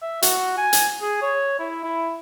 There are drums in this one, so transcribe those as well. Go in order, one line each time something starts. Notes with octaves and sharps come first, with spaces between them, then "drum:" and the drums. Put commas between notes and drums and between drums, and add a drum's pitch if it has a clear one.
E5
F#4, drum: hi-hat
G#5
drum: hi-hat
G#4
C#5
E4
E4